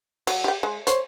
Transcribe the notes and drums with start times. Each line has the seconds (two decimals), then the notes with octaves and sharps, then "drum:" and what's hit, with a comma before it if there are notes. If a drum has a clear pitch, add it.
0.27 F#3, drum: cymbal
0.44 G4 G5
0.63 G#3
0.87 C5 C#5, drum: hi-hat